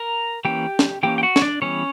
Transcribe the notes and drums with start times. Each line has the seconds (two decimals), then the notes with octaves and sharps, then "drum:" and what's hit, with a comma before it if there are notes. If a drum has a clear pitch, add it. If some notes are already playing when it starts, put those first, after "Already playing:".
Already playing: A#4 A#5
0.45 E3 A#3 C#4 G4 G5
0.79 drum: snare
1.03 E3 A#3 C#4 G4 G5
1.18 G5
1.23 F#4 F#5
1.36 C#5, drum: snare
1.42 D4 D5
1.62 E3 G3 B3 C#4 C#5